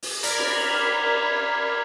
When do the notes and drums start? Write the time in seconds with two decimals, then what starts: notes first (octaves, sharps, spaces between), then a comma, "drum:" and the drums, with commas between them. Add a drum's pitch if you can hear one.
0.03 drum: open hi-hat
0.23 A#4 D5 B5 F6 G#6, drum: hi-hat
0.39 drum: cymbal